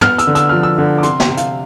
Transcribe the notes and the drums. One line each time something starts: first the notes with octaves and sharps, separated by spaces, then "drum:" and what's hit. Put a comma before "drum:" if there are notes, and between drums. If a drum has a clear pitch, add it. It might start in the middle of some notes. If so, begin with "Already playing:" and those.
B3 F6, drum: tom
E6, drum: hi-hat
D3
E6, drum: hi-hat
F3 F6
E6
D3
D6
C3 C6, drum: hi-hat
G5, drum: snare
C3
F5, drum: hi-hat